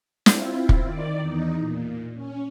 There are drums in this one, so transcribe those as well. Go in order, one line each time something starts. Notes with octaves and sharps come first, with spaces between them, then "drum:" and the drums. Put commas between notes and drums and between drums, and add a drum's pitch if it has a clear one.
C4 E4 F4, drum: snare
drum: kick
D#3 D5
E2 D#4
A#2
C#4